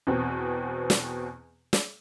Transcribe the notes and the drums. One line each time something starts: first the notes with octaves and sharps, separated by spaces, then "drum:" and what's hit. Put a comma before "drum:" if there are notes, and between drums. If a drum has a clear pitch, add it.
E2 B2 B3 C4
drum: snare
drum: snare